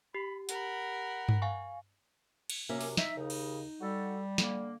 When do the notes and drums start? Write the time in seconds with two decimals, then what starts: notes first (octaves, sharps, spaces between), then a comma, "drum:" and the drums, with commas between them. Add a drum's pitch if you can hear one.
0.15 G4 B5
0.49 A#4 F#5 B5, drum: hi-hat
1.29 drum: tom G2
1.42 F5 G#5 C#6
2.50 drum: cymbal
2.69 F#2 C3 A#3 C#4 E5
2.81 drum: open hi-hat
2.97 D#4 E5, drum: snare
3.16 D#2 C#3
3.30 drum: cymbal
3.81 G3 F#4 A4
4.38 D3 A#3, drum: snare